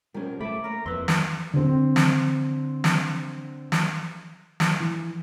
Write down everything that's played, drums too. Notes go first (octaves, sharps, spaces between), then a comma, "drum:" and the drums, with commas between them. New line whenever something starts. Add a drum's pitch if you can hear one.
B2 F3 G3 C#4 A#4
A3 E5 B5 D6
A#3 C#5 A#5
F2 A#3 E4 B4 E5 C6
drum: snare
D3 C4
drum: snare
drum: snare
drum: snare
drum: snare
E3